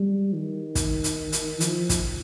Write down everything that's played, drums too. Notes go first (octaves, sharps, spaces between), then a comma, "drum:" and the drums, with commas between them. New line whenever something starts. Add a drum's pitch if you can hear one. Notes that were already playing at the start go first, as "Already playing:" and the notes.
Already playing: G3
D#3
drum: kick, hi-hat
drum: hi-hat
drum: hi-hat
F3, drum: hi-hat
drum: kick, hi-hat